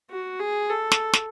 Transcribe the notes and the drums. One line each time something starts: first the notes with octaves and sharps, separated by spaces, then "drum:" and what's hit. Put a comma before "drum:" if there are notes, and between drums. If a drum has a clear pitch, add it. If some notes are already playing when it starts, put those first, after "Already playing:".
F#4
G#4
A4
drum: snare
drum: snare